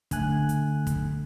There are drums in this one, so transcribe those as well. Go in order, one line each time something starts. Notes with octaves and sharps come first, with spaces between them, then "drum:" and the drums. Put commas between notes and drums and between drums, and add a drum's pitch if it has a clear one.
D3 A3 G#5 F#6, drum: kick, hi-hat
drum: hi-hat
drum: kick, hi-hat